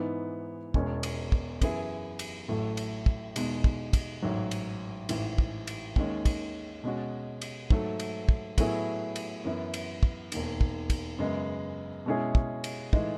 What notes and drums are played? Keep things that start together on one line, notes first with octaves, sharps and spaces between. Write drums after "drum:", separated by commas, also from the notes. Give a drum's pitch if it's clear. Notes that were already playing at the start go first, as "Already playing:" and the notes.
Already playing: G#2 E3 B3 D#4
E1 E2 B2 G#3 C#4, drum: kick
drum: cymbal
drum: kick
F#2 E3 B3 E4 G#4, drum: kick, cymbal
drum: cymbal
A1 A2 F#3 A3
drum: cymbal
drum: kick
E2 B2 G#3 D#4, drum: cymbal
drum: kick
drum: kick, cymbal
A1 G#2 F#3
drum: cymbal
A1 G#2 E3, drum: cymbal
drum: kick
drum: cymbal
D#2 D#3 G#3 C#4, drum: kick
drum: kick, cymbal
B2 G#3 C#4 F#4
drum: cymbal
G#2 F#3 A3, drum: kick
drum: cymbal
drum: kick
A2 F#3 B3 E4 G#4, drum: kick, cymbal
drum: cymbal
F#2 E3 B3 E4
drum: cymbal
drum: kick
E1 D#2 D#3, drum: cymbal
drum: kick
drum: kick, cymbal
F#2 C#3 G#3 B3
B2 G#3 C#4 E4 G#4
drum: kick
drum: cymbal
A2 E3 G#3 D#4, drum: kick